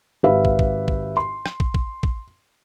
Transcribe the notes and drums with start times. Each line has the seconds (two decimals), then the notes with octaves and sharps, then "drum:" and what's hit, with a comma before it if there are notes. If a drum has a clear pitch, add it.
0.23 G#1 G4 B4 E5 F5
0.45 drum: kick
0.59 drum: kick
0.88 drum: kick
1.17 C6
1.46 drum: rim click
1.60 drum: kick
1.74 drum: kick
2.03 drum: kick